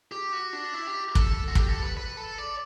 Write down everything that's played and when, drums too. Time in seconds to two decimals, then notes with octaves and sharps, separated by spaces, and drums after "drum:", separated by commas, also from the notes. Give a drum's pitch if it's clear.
0.12 G4
0.33 F#4
0.53 D4
0.74 E4
0.87 G4
1.15 A4, drum: kick
1.48 F#4
1.55 G4, drum: kick
1.69 A4
1.83 B4
1.97 B4
2.17 A4
2.38 D5